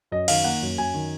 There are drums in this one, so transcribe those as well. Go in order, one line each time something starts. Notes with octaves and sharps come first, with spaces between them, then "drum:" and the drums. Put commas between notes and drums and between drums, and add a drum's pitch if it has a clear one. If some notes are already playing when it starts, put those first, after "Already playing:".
F#2 D#5
D#3 F5, drum: cymbal
A#3 F#5
F#2
F#2 G#5
D#3